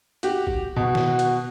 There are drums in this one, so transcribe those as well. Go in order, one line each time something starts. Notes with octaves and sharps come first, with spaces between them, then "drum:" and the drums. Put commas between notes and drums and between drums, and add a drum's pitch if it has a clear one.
F#4 G4, drum: hi-hat
drum: kick
B2 F#4
drum: snare
drum: hi-hat